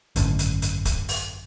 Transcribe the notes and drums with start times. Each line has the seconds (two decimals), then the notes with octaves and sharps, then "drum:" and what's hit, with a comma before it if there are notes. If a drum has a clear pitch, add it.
0.16 G#1 F#2 A2 D3, drum: hi-hat
0.39 drum: hi-hat
0.62 drum: hi-hat
0.85 drum: kick, hi-hat
1.09 drum: open hi-hat